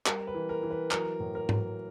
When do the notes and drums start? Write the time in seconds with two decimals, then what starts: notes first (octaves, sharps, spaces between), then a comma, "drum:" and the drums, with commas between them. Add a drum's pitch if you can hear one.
0.06 G3 A#4, drum: clap
0.27 B4
0.34 E3
0.49 A#4
0.63 E3
0.71 B4
0.91 F#3 A#4, drum: clap
1.20 A2
1.35 A#4
1.49 F#3, drum: tom G#2